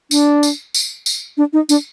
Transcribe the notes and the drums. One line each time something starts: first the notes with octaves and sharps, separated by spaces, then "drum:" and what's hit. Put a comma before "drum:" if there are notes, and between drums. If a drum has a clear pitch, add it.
D4, drum: tambourine
drum: tambourine
drum: tambourine
drum: tambourine
D4
D#4
D4, drum: tambourine